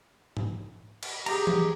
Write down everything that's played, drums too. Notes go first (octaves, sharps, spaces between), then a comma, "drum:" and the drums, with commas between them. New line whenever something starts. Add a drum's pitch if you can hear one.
drum: tom G#2
drum: cymbal
G4 G#4 A#5, drum: cymbal
drum: tom E3